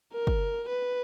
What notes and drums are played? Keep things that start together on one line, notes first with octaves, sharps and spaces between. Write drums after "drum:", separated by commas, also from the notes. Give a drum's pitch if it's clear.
A#4
drum: kick
B4